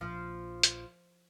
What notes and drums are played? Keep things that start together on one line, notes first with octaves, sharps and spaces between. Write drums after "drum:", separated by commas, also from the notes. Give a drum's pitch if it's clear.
A#1 F3
drum: hi-hat